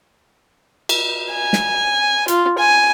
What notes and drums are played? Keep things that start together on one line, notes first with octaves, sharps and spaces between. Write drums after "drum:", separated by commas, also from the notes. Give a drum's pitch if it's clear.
drum: cymbal
G#5
drum: snare
F4, drum: hi-hat
G#5